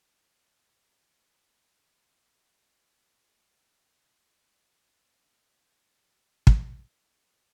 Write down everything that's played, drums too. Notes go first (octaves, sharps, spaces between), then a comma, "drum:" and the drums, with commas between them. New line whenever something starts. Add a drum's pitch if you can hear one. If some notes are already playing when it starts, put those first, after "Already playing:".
Already playing: C#2 F#2 A5
B3
F#2
F#2
E3
F#2
D#3 A5
G#5
D#3 F#5
G#5
A3
D#3 G#5
F#5
E5
F#2 F#5
A3
F#2
F#2
G#3
G#3 A5
F#2
G#3
A2
E3
G#3
F#5
C#4 E5
A2 C#5
B4
A2
E3
G#2
G#2
G#2 B4
G#2
drum: kick